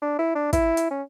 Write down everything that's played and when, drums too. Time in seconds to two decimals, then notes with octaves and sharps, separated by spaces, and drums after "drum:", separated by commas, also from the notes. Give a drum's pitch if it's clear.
0.02 D4
0.19 E4
0.35 D4
0.53 E4, drum: kick, hi-hat
0.77 drum: hi-hat
0.91 C#4